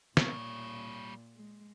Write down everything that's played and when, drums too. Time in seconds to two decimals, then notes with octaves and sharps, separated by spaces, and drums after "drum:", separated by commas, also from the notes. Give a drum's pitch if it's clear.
0.17 A#2 G3 C#5, drum: snare
1.34 G#3